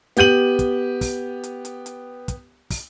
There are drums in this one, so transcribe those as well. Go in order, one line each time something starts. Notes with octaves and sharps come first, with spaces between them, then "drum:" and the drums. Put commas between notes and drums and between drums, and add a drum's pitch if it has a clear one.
B3 G4 G6 D#7 F#7, drum: hi-hat
drum: kick, hi-hat
drum: kick, open hi-hat
drum: hi-hat
drum: hi-hat
drum: hi-hat
drum: kick, hi-hat
drum: kick, open hi-hat